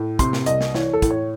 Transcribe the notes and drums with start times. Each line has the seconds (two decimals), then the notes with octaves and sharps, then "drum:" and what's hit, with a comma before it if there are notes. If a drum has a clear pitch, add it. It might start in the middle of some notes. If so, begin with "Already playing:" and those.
Already playing: A2
0.19 C3 C6, drum: kick, hi-hat
0.33 drum: snare
0.46 C2 D#5, drum: hi-hat
0.61 drum: snare
0.75 E3 C#5, drum: snare
0.93 A4
1.02 A2, drum: kick, hi-hat
1.11 C#5